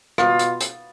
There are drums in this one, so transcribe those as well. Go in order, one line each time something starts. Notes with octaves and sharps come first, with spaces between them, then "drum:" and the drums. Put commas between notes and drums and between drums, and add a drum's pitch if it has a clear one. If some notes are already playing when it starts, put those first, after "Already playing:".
B2 F4, drum: rim click
drum: hi-hat
drum: hi-hat